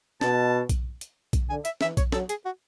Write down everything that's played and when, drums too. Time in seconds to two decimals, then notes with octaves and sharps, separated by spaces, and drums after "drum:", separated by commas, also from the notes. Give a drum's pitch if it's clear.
0.21 B2 A5, drum: snare
0.69 drum: kick B1, hi-hat
1.01 drum: hi-hat
1.33 drum: kick B1, hi-hat
1.49 D3 G#5
1.65 E5, drum: hi-hat
1.81 E3 E5, drum: snare
1.97 C#5, drum: kick B1, hi-hat
2.12 F#3 A4, drum: snare
2.29 G#4, drum: hi-hat
2.45 F#4